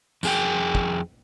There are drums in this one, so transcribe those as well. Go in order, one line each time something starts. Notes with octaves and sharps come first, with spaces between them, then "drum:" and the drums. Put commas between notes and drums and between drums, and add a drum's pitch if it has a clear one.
F2 G#4 G5, drum: tambourine
drum: kick